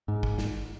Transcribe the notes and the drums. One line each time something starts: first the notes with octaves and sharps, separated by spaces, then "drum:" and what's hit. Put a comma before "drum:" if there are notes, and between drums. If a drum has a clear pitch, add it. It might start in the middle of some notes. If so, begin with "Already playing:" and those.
G#2
drum: kick
drum: snare